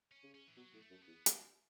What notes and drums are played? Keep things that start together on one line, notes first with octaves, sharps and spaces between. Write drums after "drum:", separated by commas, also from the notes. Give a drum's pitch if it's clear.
C#4
C#3
C#4
E3
B2 F#3
A2 B3
A3
F#2
B3
E2
drum: hi-hat